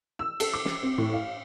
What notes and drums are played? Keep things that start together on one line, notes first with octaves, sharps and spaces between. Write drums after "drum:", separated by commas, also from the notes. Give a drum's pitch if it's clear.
E6
A4, drum: cymbal
D6
drum: snare
C4
A2
F5